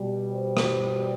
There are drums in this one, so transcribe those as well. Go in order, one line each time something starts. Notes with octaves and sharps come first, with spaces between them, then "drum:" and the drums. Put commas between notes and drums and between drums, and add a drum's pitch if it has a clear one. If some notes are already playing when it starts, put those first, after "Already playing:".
Already playing: B2 G3
C5
drum: rim click